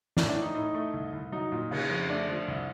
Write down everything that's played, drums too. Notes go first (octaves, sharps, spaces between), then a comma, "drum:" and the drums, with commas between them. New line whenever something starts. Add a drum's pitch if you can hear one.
A2 D4, drum: snare
D4
A2
D#4
A2 D#4
A3
C2
C2
F#3 D#4
A#2
C#3, drum: cymbal
F2
A3 D4
F3
C2